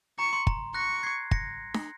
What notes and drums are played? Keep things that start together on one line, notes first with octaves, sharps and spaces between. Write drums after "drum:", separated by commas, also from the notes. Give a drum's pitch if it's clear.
A#5 C#6
C6
A#5, drum: kick
C#6 F#6 A#6
G#6 C7
A#6 C#7, drum: kick
drum: snare